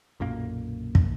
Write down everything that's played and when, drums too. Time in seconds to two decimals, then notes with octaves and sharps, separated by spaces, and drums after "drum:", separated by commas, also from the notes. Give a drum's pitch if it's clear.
0.20 B1 F#2 A#2 A#3
0.95 drum: kick